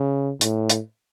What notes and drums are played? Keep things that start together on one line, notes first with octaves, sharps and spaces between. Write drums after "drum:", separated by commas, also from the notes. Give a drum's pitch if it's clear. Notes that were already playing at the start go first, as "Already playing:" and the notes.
Already playing: C#3
A2, drum: hi-hat
drum: hi-hat